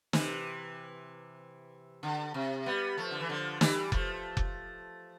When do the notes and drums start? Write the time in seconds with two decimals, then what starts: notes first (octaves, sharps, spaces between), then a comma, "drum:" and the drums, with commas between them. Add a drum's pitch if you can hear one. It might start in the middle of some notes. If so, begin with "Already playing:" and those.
0.13 C3 E3, drum: snare
2.03 D3
2.34 C3
2.66 G3 B3
2.97 F3 A3
3.11 D3
3.21 E3
3.29 D3 F3
3.61 E3 G3, drum: snare
3.92 F3 A3, drum: kick F1
4.37 drum: kick F1